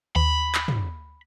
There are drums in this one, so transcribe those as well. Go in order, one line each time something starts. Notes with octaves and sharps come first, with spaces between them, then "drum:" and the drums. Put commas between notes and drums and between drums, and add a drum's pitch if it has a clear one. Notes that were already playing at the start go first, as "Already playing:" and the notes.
D#2 B5
drum: clap
drum: tom